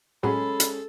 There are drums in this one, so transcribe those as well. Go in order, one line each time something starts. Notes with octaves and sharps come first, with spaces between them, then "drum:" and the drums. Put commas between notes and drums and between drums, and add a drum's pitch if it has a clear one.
A2 F#3 G#3 C#4 G#4 A4 B5
drum: hi-hat